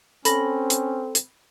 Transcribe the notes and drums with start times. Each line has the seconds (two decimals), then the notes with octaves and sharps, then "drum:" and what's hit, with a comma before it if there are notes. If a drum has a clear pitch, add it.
0.25 C4 C#4 A4 B5 A#6, drum: hi-hat
0.70 drum: hi-hat
1.15 drum: hi-hat